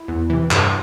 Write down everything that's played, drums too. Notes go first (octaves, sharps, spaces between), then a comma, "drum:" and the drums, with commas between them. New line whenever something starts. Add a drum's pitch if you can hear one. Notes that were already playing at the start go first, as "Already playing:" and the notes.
Already playing: E4
E2
C3 E3
G2, drum: clap